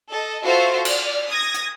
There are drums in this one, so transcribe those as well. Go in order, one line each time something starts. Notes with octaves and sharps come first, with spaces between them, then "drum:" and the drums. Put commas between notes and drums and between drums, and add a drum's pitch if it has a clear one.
A4 D#5
F4 F#4 A4 C5 E5 F5
D5 F6, drum: cymbal
D#6 G#6 A#6
drum: hi-hat